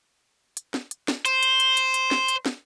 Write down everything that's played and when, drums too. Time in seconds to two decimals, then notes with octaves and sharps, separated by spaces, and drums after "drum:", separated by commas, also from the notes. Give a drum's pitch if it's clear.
0.57 drum: hi-hat
0.74 drum: snare
0.91 drum: hi-hat
1.08 drum: snare
1.25 C5, drum: hi-hat
1.43 drum: hi-hat
1.60 drum: hi-hat
1.77 drum: hi-hat
1.94 drum: hi-hat
2.11 drum: snare
2.28 drum: hi-hat
2.46 drum: snare